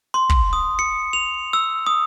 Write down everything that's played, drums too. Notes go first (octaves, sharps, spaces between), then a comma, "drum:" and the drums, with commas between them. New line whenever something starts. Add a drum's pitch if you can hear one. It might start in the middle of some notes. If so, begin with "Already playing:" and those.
C6
drum: kick
D#6
C#7
F7
E6
D#6